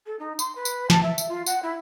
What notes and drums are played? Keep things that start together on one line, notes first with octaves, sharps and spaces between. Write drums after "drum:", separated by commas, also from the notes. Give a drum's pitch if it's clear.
A4
D#4
C6, drum: tambourine
B4
drum: tambourine
A5, drum: snare
E5
drum: tambourine
F4
F#5, drum: tambourine
E4